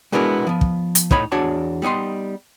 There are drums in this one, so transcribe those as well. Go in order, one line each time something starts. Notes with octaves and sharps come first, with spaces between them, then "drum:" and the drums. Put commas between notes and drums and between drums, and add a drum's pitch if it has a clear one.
G#3 B3 D4 E4 F#4 A#4
F3 B3
drum: kick
drum: hi-hat
A2 D#4 C#5 D#5 B5, drum: kick
E2 D4 F#4 C#5 D5 A5
G3 B3 D#4 D#5 C6